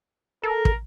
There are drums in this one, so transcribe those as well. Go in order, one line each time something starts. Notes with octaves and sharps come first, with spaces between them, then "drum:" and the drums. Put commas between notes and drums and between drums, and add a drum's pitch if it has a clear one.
A4 A#4
drum: kick